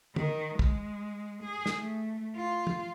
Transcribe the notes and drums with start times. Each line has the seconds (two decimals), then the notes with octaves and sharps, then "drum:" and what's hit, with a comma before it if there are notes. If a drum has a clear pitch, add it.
0.16 D#3, drum: tom
0.59 G#3, drum: kick
1.43 G#4
1.66 drum: snare
1.77 A3
2.37 F4
2.67 drum: tom